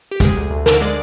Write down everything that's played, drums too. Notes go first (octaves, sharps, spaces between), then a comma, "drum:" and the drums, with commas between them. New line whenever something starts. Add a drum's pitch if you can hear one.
G4
G#3 G#4, drum: kick, hi-hat
D2
D2
D3 A#4, drum: snare
G#3 D5